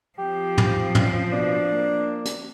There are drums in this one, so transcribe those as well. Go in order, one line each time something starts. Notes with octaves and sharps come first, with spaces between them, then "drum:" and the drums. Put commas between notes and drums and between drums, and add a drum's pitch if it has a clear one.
F3 C4 G4
D#3, drum: tom
C#4, drum: tom
B2 D4
A#3
drum: hi-hat